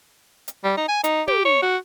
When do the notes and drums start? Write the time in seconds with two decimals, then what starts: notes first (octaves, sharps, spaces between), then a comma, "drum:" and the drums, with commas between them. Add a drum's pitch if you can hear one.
0.48 drum: hi-hat
0.64 G3
0.77 D#4
0.88 G#5
1.04 D#4, drum: hi-hat
1.28 G4, drum: tom
1.45 C#5
1.62 F#4